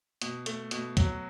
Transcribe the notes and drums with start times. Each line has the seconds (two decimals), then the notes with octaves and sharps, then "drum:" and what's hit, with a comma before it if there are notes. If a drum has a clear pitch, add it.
0.22 B2, drum: hi-hat
0.46 A3, drum: hi-hat
0.71 B2, drum: hi-hat
0.97 F#3, drum: kick, hi-hat